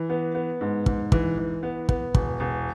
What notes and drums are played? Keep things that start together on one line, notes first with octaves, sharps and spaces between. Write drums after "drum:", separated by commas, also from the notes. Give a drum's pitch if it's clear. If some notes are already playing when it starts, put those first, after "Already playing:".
Already playing: E3
B3
B3
G#2
G#2, drum: kick
E3, drum: kick
E3
B3
B3, drum: kick
E1, drum: kick
E1